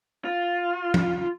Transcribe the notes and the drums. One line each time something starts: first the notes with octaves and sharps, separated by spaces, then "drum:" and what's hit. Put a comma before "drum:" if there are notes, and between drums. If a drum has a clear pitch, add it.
F4
drum: tom F3